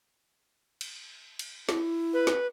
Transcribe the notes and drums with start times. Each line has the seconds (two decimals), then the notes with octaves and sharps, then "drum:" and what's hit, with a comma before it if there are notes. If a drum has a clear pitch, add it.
0.81 drum: cymbal
1.39 drum: cymbal
1.69 E4, drum: snare
2.14 B4
2.27 drum: snare